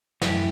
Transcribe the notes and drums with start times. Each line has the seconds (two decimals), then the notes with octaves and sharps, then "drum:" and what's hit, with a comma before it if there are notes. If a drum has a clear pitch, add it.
0.22 F#2 E3 A3 E4 G4, drum: snare